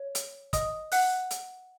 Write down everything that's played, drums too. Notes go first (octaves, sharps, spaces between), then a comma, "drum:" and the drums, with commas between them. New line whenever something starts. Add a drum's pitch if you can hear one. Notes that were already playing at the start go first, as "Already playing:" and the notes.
Already playing: C#5
drum: hi-hat
D#5 D#6, drum: kick, hi-hat
F#5 F#6, drum: open hi-hat
drum: hi-hat